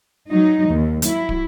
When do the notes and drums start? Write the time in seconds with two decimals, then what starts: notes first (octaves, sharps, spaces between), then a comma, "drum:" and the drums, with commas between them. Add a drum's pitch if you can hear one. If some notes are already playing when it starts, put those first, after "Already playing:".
0.30 F#3 D#4
0.70 D#2
1.02 F#3 E4, drum: hi-hat
1.29 drum: kick